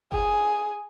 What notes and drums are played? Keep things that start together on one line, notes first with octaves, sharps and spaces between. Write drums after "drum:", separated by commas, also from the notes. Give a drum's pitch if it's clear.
G#4, drum: kick F#1